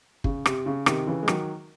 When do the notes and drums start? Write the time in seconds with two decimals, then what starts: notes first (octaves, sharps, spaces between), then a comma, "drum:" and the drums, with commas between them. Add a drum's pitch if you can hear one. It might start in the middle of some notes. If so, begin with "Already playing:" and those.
0.24 C#3, drum: kick
0.46 C3, drum: rim click
0.66 C#3
0.86 C3 D#3, drum: rim click
1.07 C#3 E3
1.23 G#3
1.28 D#3 F#3, drum: rim click